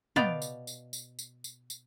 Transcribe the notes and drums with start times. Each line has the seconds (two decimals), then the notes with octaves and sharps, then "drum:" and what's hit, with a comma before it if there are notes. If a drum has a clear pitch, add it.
0.16 B2 B3 D5 F5 G5, drum: tom
0.42 drum: tambourine
0.67 drum: tambourine
0.93 drum: tambourine
1.19 drum: tambourine
1.44 drum: tambourine
1.70 drum: tambourine